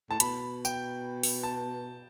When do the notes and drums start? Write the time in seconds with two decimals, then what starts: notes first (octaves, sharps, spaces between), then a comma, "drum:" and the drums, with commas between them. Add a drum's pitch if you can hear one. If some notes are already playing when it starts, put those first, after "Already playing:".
0.10 A2 A5
0.20 B2 B5, drum: hi-hat
0.65 G5, drum: tambourine
1.23 drum: open hi-hat
1.43 A5